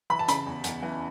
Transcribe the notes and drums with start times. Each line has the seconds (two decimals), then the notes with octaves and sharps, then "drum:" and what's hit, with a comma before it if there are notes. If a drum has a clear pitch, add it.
0.10 E3 B5
0.19 A5
0.28 C#3 B5, drum: hi-hat
0.46 E2
0.64 E2, drum: hi-hat
0.82 E3